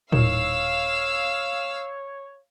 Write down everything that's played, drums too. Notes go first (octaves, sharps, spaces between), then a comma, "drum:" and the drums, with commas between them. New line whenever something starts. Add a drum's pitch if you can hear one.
D#1 G#1 D#3 C#5 F5 E6 E7, drum: tom A2